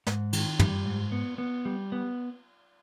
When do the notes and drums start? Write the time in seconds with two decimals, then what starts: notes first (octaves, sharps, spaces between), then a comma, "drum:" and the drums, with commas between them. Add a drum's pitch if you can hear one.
0.07 G#2, drum: snare
0.33 D#3, drum: cymbal
0.59 G3, drum: tom
0.85 G#2
1.12 B3
1.38 B3
1.65 G3
1.92 B3